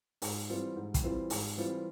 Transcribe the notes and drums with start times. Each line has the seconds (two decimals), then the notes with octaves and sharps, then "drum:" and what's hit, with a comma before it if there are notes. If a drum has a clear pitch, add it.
0.22 G#2, drum: open hi-hat
0.49 E3 G3 C4 F4
0.76 G#2
0.94 drum: kick, hi-hat
1.04 E3 G3 C4 F4
1.30 G#2, drum: open hi-hat
1.58 E3 G3 C4 F4